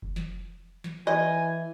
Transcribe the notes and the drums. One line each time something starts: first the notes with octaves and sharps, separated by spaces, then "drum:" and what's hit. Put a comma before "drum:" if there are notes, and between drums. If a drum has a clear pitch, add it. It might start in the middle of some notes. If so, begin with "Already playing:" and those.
drum: kick F1
drum: snare
drum: snare
E3 D#5 G#5